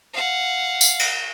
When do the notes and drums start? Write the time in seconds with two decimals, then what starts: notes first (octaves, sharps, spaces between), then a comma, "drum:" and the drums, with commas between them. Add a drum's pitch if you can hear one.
0.14 F5 F#5
0.81 drum: tambourine
0.99 drum: cymbal